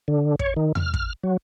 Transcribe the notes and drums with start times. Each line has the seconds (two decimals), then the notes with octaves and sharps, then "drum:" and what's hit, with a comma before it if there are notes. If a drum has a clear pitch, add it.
0.08 D3
0.39 C#5, drum: kick
0.56 D#3
0.75 F6, drum: tom E2
0.94 drum: kick
1.24 F#3